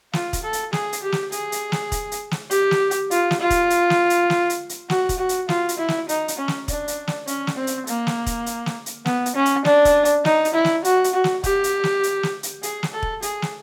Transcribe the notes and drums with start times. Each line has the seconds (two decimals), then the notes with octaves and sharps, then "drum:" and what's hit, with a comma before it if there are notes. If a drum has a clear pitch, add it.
0.13 F4, drum: snare
0.33 drum: kick, hi-hat
0.43 A4
0.53 drum: hi-hat
0.73 G#4, drum: snare
0.93 drum: hi-hat
1.03 G4
1.12 drum: snare
1.32 G#4, drum: hi-hat
1.52 drum: hi-hat
1.72 drum: snare
1.92 drum: kick, hi-hat
2.12 drum: hi-hat
2.31 drum: snare
2.51 G4, drum: hi-hat
2.71 drum: snare
2.91 drum: hi-hat
3.11 F4, drum: hi-hat
3.31 drum: snare
3.40 F4
3.50 drum: kick, hi-hat
3.70 drum: hi-hat
3.90 drum: snare
4.10 drum: hi-hat
4.30 drum: snare
4.50 drum: hi-hat
4.69 drum: hi-hat
4.90 F#4, drum: snare
5.09 drum: kick, hi-hat
5.18 F#4
5.29 drum: hi-hat
5.49 F4, drum: snare
5.69 drum: hi-hat
5.78 E4
5.88 drum: snare
6.09 D#4, drum: hi-hat
6.28 drum: hi-hat
6.37 C#4
6.48 drum: snare
6.68 D4, drum: kick, hi-hat
6.88 drum: hi-hat
7.07 drum: snare
7.27 C#4, drum: hi-hat
7.47 drum: snare
7.57 C4
7.67 drum: hi-hat
7.87 A#3, drum: hi-hat
8.07 drum: snare
8.26 drum: kick, hi-hat
8.46 drum: hi-hat
8.66 drum: snare
8.86 drum: hi-hat
9.06 B3, drum: snare
9.26 drum: hi-hat
9.35 C#4
9.46 drum: hi-hat
9.65 D4, drum: snare
9.85 drum: kick, hi-hat
10.05 drum: hi-hat
10.25 D#4, drum: snare
10.45 drum: hi-hat
10.54 E4
10.65 drum: snare
10.84 F#4, drum: hi-hat
11.04 drum: hi-hat
11.14 F#4
11.24 drum: snare
11.44 G4, drum: kick, hi-hat
11.64 drum: hi-hat
11.84 drum: snare
12.03 drum: hi-hat
12.23 drum: snare
12.43 drum: hi-hat
12.63 G#4, drum: hi-hat
12.83 drum: snare
12.93 A4
13.03 drum: kick
13.22 G#4, drum: hi-hat
13.42 drum: snare